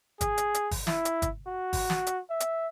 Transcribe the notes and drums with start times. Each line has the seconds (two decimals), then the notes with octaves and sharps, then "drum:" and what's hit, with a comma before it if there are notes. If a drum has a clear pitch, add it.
0.21 G#4, drum: kick G1, hi-hat
0.38 drum: hi-hat
0.54 drum: hi-hat
0.71 drum: kick G1, open hi-hat
0.87 E4, drum: snare
1.05 drum: hi-hat
1.22 drum: kick G1, hi-hat
1.47 F#4
1.73 drum: kick G1, open hi-hat
1.90 drum: snare
2.07 drum: hi-hat
2.30 E5
2.40 drum: hi-hat